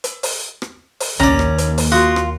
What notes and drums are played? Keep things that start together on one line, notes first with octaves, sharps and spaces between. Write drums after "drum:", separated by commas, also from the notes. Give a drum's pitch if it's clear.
drum: hi-hat
drum: open hi-hat
drum: rim click
drum: open hi-hat
D#2 C#4 D5 A#5, drum: tom B1
drum: rim click
drum: hi-hat
drum: open hi-hat
F4 F#4 D#6
drum: rim click